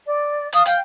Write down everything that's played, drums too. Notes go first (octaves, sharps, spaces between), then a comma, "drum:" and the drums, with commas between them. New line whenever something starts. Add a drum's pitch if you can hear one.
D5
F5 D#6, drum: hi-hat
F5 G5, drum: hi-hat